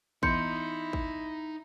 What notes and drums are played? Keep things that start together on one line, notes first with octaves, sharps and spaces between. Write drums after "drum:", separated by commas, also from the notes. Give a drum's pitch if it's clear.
E3 B3 D#4 E4 D#5 C6 G6 C#7, drum: kick
drum: kick